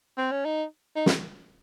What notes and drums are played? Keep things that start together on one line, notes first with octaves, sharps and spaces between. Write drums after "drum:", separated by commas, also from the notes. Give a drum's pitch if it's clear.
C4
C#4
D#4
D#4
drum: snare